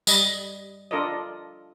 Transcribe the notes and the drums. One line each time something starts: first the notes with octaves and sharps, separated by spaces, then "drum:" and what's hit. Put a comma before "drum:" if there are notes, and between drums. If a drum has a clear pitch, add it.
G3 D#5 B5, drum: tambourine
D4 F4 A4 A#4 D5 D#5